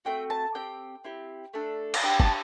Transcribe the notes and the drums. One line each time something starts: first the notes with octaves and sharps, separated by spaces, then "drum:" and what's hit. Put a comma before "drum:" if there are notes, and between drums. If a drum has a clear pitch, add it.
A3 C4 F#4 G5
A5
C4 G4 G5
C4 E4 G4
A3 D4 A4
A5, drum: cymbal
D4 G4 G5
A5, drum: kick